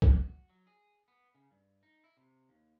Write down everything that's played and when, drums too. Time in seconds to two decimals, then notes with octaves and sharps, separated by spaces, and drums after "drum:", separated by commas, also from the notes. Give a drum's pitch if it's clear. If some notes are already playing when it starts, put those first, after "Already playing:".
0.02 drum: kick
0.14 F#4
0.50 F#3
0.67 G#4
1.08 B3
1.35 C#3
1.51 G2
1.83 D#4
2.04 E4
2.17 C3
2.49 D#2